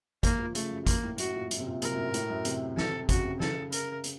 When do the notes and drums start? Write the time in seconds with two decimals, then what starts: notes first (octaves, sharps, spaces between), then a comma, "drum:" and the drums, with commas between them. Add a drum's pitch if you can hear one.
0.23 A#3, drum: kick G#1, hi-hat
0.39 F3
0.55 C#3 A3, drum: hi-hat
0.71 F#2
0.87 A#3, drum: kick G#1, hi-hat
1.03 A2
1.18 F#2 F#4, drum: hi-hat
1.34 A#2
1.51 F#2, drum: hi-hat
1.59 C3
1.67 A#2
1.82 C3 A#4, drum: hi-hat
1.91 F#2
1.97 A2
2.08 A#2
2.14 A2, drum: hi-hat
2.30 F#2
2.45 C3, drum: hi-hat
2.77 A4, drum: snare
3.09 C#3 F#4, drum: kick G#1, hi-hat
3.25 C3
3.40 C#3 A4, drum: snare
3.72 A#4, drum: hi-hat
4.04 drum: hi-hat